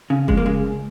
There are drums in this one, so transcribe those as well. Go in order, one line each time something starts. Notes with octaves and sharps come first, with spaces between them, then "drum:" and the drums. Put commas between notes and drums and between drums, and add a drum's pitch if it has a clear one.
C#3
F2 G#3, drum: kick F#1
A#3
C#3 G#3
C#2